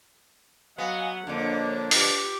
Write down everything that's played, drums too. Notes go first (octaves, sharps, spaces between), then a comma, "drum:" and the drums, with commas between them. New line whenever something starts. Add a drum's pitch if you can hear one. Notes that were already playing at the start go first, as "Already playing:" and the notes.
F#3 B3 D#5 F5 F#5 G#5
F2 D3 A#3 D4 A4 C#5
F4 G4 B4 D6, drum: open hi-hat